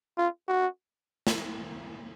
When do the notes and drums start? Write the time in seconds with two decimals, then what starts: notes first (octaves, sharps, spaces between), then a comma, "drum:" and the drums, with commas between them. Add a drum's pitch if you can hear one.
0.18 F4
0.48 F#4
1.27 drum: snare